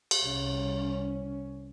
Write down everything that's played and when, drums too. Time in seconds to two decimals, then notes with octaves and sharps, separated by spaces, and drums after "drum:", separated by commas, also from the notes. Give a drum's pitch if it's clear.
0.11 drum: cymbal
0.21 C2 C#4